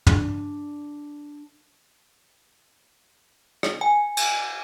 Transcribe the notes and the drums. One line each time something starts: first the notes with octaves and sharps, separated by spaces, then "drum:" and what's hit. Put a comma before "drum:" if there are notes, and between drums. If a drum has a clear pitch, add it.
D4, drum: tom
drum: rim click
G#5
drum: cymbal